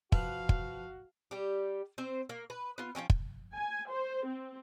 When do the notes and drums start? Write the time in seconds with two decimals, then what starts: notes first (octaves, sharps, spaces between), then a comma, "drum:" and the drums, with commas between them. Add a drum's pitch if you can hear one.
0.12 F3 F#4 B4 F5, drum: kick
0.49 drum: kick
1.31 G3 G4
1.98 C4 C5
2.29 A#3
2.50 B4
2.78 B3 F4
2.95 F3 G3 C#4 G5
3.10 drum: kick
3.55 G#5
3.89 C5
4.26 C4